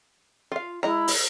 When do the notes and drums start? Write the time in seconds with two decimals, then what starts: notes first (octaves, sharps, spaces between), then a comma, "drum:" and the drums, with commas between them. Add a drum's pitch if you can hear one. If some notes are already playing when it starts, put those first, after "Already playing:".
0.52 F4 F5
0.83 G#3 E4 D#5 A#5
1.08 drum: open hi-hat